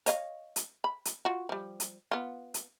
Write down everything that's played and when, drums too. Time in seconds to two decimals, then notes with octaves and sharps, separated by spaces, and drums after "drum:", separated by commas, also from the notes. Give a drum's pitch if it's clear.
0.06 C#5 D#5 F5, drum: hi-hat
0.56 drum: hi-hat
0.84 B5
1.05 drum: hi-hat
1.25 F4 F#4
1.49 F3 G3
1.80 drum: hi-hat
2.11 B3 F4
2.54 drum: hi-hat